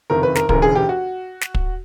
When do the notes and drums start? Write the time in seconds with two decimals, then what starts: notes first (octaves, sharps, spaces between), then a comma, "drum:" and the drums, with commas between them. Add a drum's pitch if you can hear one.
0.10 F#1 F2 C3 D#3 A#4
0.23 B4
0.35 A#4, drum: snare
0.49 E1 D2 C#3 E3 A#4, drum: kick
0.62 G#4
0.76 G4
0.89 F#4
1.41 drum: snare
1.55 drum: kick